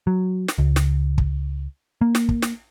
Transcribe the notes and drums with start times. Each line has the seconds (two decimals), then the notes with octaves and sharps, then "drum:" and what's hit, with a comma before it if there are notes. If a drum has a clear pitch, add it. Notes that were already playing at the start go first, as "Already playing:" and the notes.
0.07 F#3
0.48 drum: snare
0.58 C#2
0.76 drum: snare
1.18 drum: kick
2.01 A#3
2.15 drum: snare
2.29 drum: kick
2.42 drum: snare